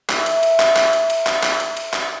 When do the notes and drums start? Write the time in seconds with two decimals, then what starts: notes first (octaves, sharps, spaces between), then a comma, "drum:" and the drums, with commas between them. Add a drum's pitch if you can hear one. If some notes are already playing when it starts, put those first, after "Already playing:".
0.09 E5 A#5, drum: clap
0.26 drum: cymbal
0.43 drum: cymbal
0.60 drum: clap
0.76 drum: clap
0.93 drum: cymbal
1.10 drum: cymbal
1.27 drum: clap
1.43 drum: clap
1.60 drum: cymbal
1.77 drum: cymbal
1.93 drum: clap